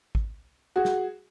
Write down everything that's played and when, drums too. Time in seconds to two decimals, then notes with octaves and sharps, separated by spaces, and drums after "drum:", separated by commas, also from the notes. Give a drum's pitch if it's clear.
0.15 drum: kick G#1
0.76 F#4 G#4
0.85 drum: snare